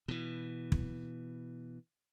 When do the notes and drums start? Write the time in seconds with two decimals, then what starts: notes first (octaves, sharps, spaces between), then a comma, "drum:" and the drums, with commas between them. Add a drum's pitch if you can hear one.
0.08 B2 E3
0.72 drum: kick